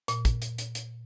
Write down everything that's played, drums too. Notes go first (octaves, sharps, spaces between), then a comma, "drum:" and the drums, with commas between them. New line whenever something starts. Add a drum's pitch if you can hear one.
A#2, drum: hi-hat
drum: kick, hi-hat
drum: hi-hat
drum: hi-hat
drum: hi-hat